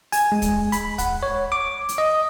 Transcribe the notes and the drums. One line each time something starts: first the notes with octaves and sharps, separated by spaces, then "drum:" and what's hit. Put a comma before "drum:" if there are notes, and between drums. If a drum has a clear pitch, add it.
G#5, drum: open hi-hat
G#3
drum: kick, hi-hat
B5, drum: hi-hat
F#5, drum: kick, hi-hat
C#5
D6
drum: hi-hat
D#5